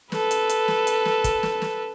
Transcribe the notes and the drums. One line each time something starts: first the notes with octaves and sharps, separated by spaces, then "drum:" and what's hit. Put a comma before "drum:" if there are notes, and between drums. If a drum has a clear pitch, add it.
A4 B4, drum: snare
drum: hi-hat
drum: hi-hat
drum: snare
drum: hi-hat
drum: snare
drum: kick, hi-hat
drum: snare
drum: snare